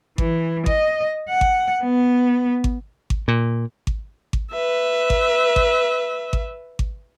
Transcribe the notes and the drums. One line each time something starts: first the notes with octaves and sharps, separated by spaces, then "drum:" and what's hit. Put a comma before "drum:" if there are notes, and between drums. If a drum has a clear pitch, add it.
E3, drum: kick G#1
D#5, drum: kick G#1
F#5
drum: kick G#1
B3
drum: kick G#1
drum: kick G#1
A#2
drum: kick G#1
drum: kick G#1
B4 E5
drum: kick G#1
drum: kick G#1
drum: kick G#1
drum: kick G#1